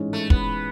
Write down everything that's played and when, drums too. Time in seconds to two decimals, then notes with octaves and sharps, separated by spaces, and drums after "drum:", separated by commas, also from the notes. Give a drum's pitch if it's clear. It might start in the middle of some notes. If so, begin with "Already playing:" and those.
Already playing: A1 G#2 G#3 C#4
0.13 A3
0.30 B3, drum: kick